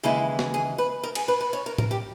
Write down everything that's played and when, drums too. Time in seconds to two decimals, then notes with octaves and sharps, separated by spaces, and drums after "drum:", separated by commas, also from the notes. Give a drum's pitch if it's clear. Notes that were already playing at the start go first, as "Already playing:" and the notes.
0.03 D#2 C#3 E3 G#3 E4
0.39 drum: snare
0.54 G#4
0.78 B4
1.03 A#4
1.15 G#4, drum: cymbal
1.28 B4
1.41 B4
1.53 C#5
1.66 A#4
1.78 A#4, drum: tom A2
1.91 G4